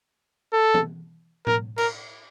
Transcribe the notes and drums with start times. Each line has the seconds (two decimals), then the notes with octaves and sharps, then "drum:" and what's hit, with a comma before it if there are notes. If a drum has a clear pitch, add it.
0.53 A4
0.74 drum: tom E3
1.47 A#4, drum: tom A2
1.78 A#4, drum: cymbal